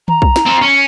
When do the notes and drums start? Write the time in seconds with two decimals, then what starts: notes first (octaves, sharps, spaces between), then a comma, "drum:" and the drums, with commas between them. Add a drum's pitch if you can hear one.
0.08 A#5, drum: tom D#3
0.22 drum: kick B1
0.36 drum: snare
0.46 C4 F4
0.62 C#4